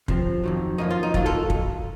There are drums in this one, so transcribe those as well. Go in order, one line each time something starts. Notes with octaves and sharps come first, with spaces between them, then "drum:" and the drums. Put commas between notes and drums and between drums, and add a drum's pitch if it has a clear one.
C3 F3 C4, drum: kick
F2 D#3 F#3
F#2 F3 A#3 C#4 D#4
F4
D#4
A2 F#3 A#3 F4, drum: kick
F4 A4
drum: kick